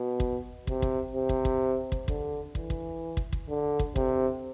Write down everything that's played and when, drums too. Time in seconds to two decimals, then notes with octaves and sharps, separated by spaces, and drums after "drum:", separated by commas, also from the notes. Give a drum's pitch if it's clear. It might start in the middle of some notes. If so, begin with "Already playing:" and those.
Already playing: B2
0.20 drum: kick
0.67 C3, drum: kick
0.82 drum: kick
1.13 C3
1.29 drum: kick
1.45 drum: kick
1.92 drum: kick
2.08 D3, drum: kick
2.55 E3, drum: kick
2.70 drum: kick
3.17 drum: kick
3.33 drum: kick
3.49 D3
3.79 drum: kick
3.96 C3, drum: kick